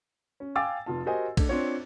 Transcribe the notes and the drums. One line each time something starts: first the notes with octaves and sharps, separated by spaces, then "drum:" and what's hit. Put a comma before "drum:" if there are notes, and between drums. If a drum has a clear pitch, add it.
C#4
F5 G5 G#5 D6 E6 A6
F1 F4 A5
F#4 G4 A#4 C5 D#5 G#5
A3 D4, drum: kick A#1, cymbal
C4 D4 F4 C#5